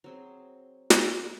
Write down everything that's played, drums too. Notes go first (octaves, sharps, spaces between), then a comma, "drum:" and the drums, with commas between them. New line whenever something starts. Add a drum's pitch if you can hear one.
F#3 C4 G#4
drum: snare